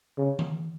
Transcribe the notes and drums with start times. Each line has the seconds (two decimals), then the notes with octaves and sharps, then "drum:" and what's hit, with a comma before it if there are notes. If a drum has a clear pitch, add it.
0.18 C#3
0.39 drum: tom D#3